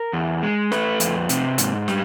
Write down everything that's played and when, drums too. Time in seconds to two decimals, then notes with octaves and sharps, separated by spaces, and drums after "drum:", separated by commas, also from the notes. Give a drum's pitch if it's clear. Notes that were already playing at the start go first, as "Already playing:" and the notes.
Already playing: A#4
0.13 E2
0.43 G#3
0.72 A3 B4, drum: snare
1.00 F2, drum: hi-hat
1.29 C3, drum: hi-hat
1.58 G#2, drum: hi-hat
1.88 G3, drum: snare